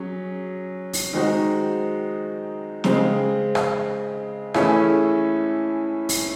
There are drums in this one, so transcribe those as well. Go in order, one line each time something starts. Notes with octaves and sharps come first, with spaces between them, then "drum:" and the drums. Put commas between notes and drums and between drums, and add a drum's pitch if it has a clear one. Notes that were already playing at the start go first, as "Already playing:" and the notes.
Already playing: F#3 C#4 G#4
drum: open hi-hat
D#3 G#3 C4 D#4 F#4
C#3 G#3 C4, drum: snare
drum: rim click
E3 A3 C#4 E4 G#4, drum: rim click
drum: open hi-hat